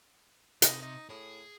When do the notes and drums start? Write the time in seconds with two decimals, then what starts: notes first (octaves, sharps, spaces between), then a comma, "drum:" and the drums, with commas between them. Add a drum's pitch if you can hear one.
0.62 C3 D#4, drum: hi-hat
0.82 D#4
1.09 A2 G#4